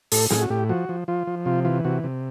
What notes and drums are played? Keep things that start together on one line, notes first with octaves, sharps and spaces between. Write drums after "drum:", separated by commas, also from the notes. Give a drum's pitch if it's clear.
A2 A4, drum: open hi-hat
A2 G#4, drum: snare
F#4
A2 G4
F3 F#4
F3
F3 F4
F3
C3 F4
E3 F4
C3 F#4
C3